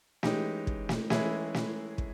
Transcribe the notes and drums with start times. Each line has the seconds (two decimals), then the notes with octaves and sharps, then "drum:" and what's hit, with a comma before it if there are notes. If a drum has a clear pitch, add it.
0.23 E3 G#3 C#4 D#4 G4, drum: snare
0.67 drum: kick
0.89 drum: snare
1.10 E3 G#3 C#4 E4 G#4, drum: snare
1.54 drum: snare
1.98 drum: kick